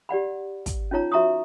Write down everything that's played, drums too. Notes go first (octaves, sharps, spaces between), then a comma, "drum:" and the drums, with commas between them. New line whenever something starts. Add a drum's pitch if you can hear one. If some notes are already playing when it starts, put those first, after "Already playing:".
G4 D5 F#5 B5
drum: kick, hi-hat
C#4 D#4 F4 C#5 A#5
F#4 E5 A#5 C#6 D#6